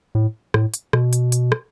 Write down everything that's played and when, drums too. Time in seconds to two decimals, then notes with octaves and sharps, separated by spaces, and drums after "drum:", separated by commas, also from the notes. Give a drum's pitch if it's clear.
0.15 A2
0.54 A2, drum: rim click
0.74 drum: hi-hat
0.93 B2, drum: rim click
1.13 drum: hi-hat
1.32 drum: hi-hat
1.52 drum: rim click